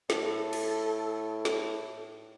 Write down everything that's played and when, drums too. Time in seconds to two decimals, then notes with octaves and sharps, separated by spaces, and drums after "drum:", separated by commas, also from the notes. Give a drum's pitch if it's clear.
0.10 A2 A4, drum: snare
0.53 drum: cymbal
1.45 drum: snare